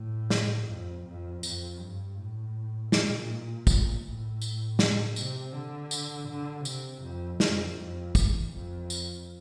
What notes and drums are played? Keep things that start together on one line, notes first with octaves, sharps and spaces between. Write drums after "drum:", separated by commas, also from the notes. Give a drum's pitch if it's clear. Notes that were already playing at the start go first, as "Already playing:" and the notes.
Already playing: A2
drum: snare
F2
F2
F2, drum: tambourine
G2
A2
A#2, drum: snare
drum: kick, tambourine
A2
drum: tambourine
drum: snare
C3, drum: tambourine
D3
drum: tambourine
D3
C3, drum: tambourine
F2
F2, drum: snare
F2
E2, drum: kick, tambourine
F2
drum: tambourine